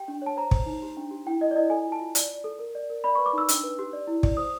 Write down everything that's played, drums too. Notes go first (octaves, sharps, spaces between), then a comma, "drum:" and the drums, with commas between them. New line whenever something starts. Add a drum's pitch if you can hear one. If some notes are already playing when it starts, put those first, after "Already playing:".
Already playing: G4 G5
D4
C#5 A5
C5 A#5
C5, drum: kick
D#4
G4
D4
G4
E4 G5
E4 D#5
D5
E4 D#5
A4 G#5
F4
A5
F4
D5, drum: hi-hat
D5
A4
A#4
D5
A#4
D5 B5
B4 C#6
D6
D#4 E6
D4 E6, drum: hi-hat
B4
G4
D5
E4
D5, drum: kick
C5 D#6